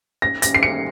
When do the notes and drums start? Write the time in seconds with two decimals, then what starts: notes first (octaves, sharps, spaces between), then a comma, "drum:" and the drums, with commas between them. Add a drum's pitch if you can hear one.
0.22 A#6
0.42 A#6, drum: hi-hat
0.55 C7
0.63 C#7